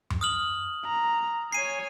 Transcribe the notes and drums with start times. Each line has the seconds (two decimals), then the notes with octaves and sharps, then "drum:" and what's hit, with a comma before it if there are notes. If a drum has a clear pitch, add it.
0.10 drum: tom F#2
0.21 D#6 F6 F#7
0.85 A#5
1.52 C#5 G#5 C7 D#7